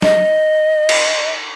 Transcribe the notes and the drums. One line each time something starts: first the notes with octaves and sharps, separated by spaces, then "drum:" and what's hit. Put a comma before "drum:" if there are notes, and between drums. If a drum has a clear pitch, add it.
D#5, drum: snare
drum: cymbal